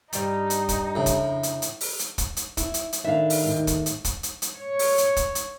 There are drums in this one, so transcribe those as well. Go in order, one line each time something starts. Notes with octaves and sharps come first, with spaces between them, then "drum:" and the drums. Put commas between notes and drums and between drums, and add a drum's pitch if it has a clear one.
G2 G3 D#4, drum: hi-hat
drum: hi-hat
drum: kick, hi-hat
F2 A2 C#3 D4
drum: kick, hi-hat
drum: hi-hat
drum: hi-hat
drum: open hi-hat
drum: hi-hat
drum: kick, hi-hat
drum: hi-hat
E4, drum: kick, hi-hat
drum: hi-hat
drum: hi-hat
A2 D#3 D4 E5 F5
drum: open hi-hat
D#2 A2
drum: kick, hi-hat
drum: hi-hat
drum: kick, hi-hat
drum: hi-hat
drum: hi-hat
C#5
drum: open hi-hat
drum: hi-hat
drum: kick, hi-hat
drum: hi-hat